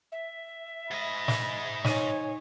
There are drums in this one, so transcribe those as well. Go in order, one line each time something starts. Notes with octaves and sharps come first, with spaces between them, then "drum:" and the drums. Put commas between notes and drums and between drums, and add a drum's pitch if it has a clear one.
E5
G#2 D#5 B5
drum: snare
D#4 C#5 G#5 D#7, drum: snare